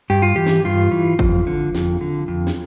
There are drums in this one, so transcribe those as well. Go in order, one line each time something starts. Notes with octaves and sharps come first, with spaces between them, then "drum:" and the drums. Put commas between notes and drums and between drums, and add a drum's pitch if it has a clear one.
G2 G4
F4
E3 G4
drum: snare
G2 F4
E3
F2, drum: kick
D3
F2, drum: snare
D3
F2
drum: snare